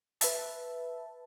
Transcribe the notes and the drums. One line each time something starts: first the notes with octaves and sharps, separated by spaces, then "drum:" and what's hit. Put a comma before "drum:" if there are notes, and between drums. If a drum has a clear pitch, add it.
B4 E5 A5, drum: hi-hat